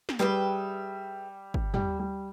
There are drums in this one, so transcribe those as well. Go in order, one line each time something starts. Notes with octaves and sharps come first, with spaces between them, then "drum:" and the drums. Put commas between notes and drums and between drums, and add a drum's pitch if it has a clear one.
drum: snare
G3 G#4 B4 E5 G5
drum: kick
G3, drum: tom
G3